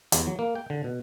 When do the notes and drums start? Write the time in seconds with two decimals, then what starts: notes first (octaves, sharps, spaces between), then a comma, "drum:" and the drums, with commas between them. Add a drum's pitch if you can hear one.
0.12 E2, drum: hi-hat
0.27 F#3
0.39 A#3
0.55 G5
0.70 D3
0.84 B2